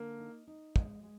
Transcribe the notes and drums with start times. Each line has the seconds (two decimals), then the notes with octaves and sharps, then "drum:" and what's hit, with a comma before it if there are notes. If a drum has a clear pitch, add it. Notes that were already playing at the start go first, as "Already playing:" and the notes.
Already playing: D3 A#3
0.19 D#4
0.47 D#4
0.76 G#3, drum: kick
1.03 G#3